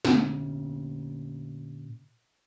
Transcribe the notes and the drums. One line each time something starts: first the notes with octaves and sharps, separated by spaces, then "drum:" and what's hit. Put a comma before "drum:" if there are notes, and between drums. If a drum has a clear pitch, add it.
A#2 D3 C#4, drum: snare G#3